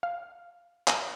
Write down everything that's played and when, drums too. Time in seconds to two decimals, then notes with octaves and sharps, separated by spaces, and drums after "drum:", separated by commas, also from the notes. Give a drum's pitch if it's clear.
0.03 F5
0.88 drum: clap